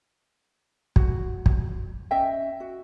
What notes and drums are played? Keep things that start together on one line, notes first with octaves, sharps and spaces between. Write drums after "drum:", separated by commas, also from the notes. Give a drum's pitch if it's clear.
F#4, drum: kick
drum: kick
C#4 D#5 E5 G5
F#4